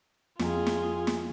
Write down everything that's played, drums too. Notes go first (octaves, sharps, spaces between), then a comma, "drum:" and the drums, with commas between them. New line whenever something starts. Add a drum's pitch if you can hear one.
F2 F4 G#4 G#5 A#5, drum: snare
drum: snare
drum: snare